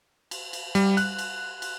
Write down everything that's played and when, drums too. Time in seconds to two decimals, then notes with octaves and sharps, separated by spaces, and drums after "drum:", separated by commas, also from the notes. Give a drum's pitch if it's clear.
0.31 drum: cymbal
0.53 drum: cymbal
0.75 G3, drum: cymbal
0.97 F#6, drum: cymbal
1.18 drum: cymbal
1.62 drum: cymbal